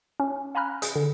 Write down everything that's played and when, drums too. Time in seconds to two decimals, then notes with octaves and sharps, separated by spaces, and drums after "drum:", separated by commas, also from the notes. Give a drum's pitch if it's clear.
0.20 C#4
0.55 F5 G#5 A#5 B5 F6 F#6
0.82 G#4, drum: hi-hat
0.96 D3